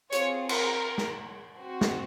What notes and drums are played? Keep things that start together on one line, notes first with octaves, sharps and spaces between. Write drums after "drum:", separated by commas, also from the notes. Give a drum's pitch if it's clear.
C4 F4 G#4 C#5, drum: hi-hat
A#4, drum: cymbal
drum: snare
C4 F#4
drum: snare